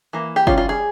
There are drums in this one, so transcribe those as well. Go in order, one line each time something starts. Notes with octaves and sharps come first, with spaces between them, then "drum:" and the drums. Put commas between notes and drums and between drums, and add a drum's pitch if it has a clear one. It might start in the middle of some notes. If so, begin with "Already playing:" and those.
E3 A#3
G4
G3 C#4 F4, drum: kick F#1
F4
G#4